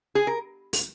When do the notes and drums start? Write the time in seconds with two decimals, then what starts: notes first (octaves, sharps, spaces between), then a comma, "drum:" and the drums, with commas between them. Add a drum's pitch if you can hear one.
0.15 G#4
0.27 A#4
0.73 drum: open hi-hat